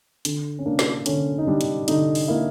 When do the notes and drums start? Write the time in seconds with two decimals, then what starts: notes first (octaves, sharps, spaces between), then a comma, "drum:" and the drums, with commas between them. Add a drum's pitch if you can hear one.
0.25 D3, drum: hi-hat
0.59 C#4
0.66 A#3 D4
0.79 drum: snare
1.06 D3 C#4, drum: hi-hat
1.38 D#4
1.47 G3 D4
1.61 drum: hi-hat
1.88 D3 D#4, drum: hi-hat
2.15 drum: open hi-hat
2.28 A#3 E4